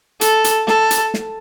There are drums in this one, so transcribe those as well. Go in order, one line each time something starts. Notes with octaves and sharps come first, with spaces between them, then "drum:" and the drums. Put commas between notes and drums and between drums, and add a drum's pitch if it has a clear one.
A4, drum: hi-hat
drum: hi-hat
A4, drum: snare
drum: hi-hat
drum: snare